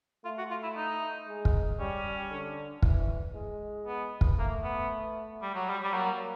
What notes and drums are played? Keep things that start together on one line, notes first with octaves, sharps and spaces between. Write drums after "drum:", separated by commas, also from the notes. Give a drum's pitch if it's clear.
A3 F4
F#4
F4
E4
D#4
G#3
drum: kick
G3 C#4
D3
E3, drum: kick
G#3
B3
drum: kick
A3 A#3
B3
G3
F#3
G3
G3
F#3 A#3